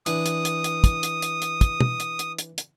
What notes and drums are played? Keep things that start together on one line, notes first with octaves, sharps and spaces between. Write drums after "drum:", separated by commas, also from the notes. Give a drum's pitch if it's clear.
E3 D4 D#6, drum: hi-hat
drum: hi-hat
drum: hi-hat
drum: hi-hat
drum: kick, hi-hat
drum: hi-hat
drum: hi-hat
drum: hi-hat
drum: kick, hi-hat
drum: tom
drum: hi-hat
drum: hi-hat
drum: hi-hat
drum: hi-hat